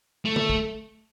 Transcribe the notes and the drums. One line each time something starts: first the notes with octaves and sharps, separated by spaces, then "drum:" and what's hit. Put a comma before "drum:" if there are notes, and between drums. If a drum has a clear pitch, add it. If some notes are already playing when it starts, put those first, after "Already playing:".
A3
drum: tom
drum: kick